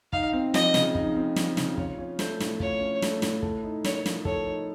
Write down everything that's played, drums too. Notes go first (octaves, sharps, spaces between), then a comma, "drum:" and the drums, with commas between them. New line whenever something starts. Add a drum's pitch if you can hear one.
D#4 F5, drum: kick
C4
F3 D#5, drum: snare
C#3, drum: snare
D#4, drum: kick
C4
F3, drum: snare
C#3, drum: snare
F4 C#5, drum: kick
C#4
A3 C5, drum: snare
A2, drum: snare
F4 C#5, drum: kick
C#4
A3, drum: snare
A2, drum: snare
A4, drum: kick
D#4
A#3 C#5, drum: snare
F3, drum: snare
A4 C#5, drum: kick
D#4